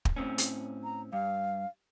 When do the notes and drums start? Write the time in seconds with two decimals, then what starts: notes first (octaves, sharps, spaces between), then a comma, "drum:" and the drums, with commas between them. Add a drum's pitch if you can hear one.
0.05 drum: kick
0.16 A2 C4 C#4
0.38 drum: hi-hat
0.84 A#5
1.13 G2 F5